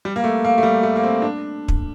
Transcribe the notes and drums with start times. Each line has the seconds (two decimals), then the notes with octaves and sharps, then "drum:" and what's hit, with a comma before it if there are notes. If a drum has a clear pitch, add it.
0.05 G3
0.16 A#3
0.24 A3
0.45 A#3
0.58 A3
0.63 G3
0.83 A3
0.96 A#3
1.03 C4
1.22 D4
1.68 drum: kick